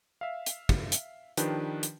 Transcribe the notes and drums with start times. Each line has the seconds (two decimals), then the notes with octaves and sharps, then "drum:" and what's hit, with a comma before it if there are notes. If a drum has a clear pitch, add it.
0.21 E5 F5
0.46 drum: hi-hat
0.69 drum: kick
0.92 drum: hi-hat
1.37 D#3 F3 D4 G4 B4, drum: hi-hat
1.83 drum: hi-hat